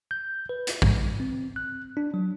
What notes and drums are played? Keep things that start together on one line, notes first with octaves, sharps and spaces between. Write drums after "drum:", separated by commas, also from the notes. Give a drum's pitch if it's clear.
G6
B4
drum: hi-hat
G#2, drum: kick
C4
F#6
D4
F#3